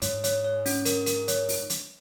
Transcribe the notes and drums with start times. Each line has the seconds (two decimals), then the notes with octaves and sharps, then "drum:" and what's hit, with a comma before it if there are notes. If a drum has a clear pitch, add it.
0.02 G#2 C#5, drum: hi-hat
0.24 C#5, drum: hi-hat
0.44 C#5
0.66 C#4, drum: open hi-hat
0.85 A#4, drum: hi-hat
1.06 A#4, drum: hi-hat
1.28 C#5, drum: hi-hat
1.49 drum: open hi-hat
1.70 drum: hi-hat